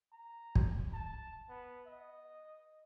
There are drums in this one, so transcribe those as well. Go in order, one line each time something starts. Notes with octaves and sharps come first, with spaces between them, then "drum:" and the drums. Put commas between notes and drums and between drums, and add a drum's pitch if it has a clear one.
A#5
drum: kick
A5
B3
D#5